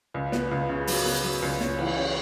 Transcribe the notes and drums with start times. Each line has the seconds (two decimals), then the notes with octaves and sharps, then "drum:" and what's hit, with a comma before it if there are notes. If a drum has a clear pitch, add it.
0.14 C#2
0.32 B3, drum: snare
0.51 C#2
0.69 C#3
0.87 F#3, drum: open hi-hat
1.05 B3
1.23 F#3
1.42 C#2
1.60 C#4, drum: snare
1.79 E3, drum: cymbal
1.97 C#4